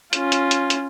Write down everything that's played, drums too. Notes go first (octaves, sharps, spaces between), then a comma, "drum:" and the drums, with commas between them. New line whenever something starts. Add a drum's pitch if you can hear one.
C#4 F4, drum: hi-hat
drum: hi-hat
drum: hi-hat
drum: hi-hat